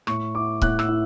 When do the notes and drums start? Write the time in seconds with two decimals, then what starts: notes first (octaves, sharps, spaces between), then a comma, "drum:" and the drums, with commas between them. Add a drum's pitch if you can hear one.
0.07 A2 C#6, drum: rim click
0.35 E4 D6
0.62 A2 F#6, drum: kick C#1
0.79 E6, drum: rim click
0.88 E4